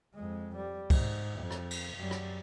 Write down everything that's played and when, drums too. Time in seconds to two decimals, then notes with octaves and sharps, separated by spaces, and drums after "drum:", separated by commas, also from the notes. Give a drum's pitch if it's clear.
0.15 F2 G#3
0.56 G3
0.90 G#2, drum: kick, cymbal
1.39 F2
1.51 drum: rim click
1.71 drum: cymbal
1.97 F#2 G3
2.11 drum: rim click